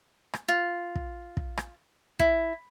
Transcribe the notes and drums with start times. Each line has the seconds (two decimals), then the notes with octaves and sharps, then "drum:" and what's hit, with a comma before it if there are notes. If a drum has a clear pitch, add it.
0.34 drum: rim click
0.48 F4
0.95 drum: kick
1.37 drum: kick
1.57 drum: rim click
2.19 E4, drum: kick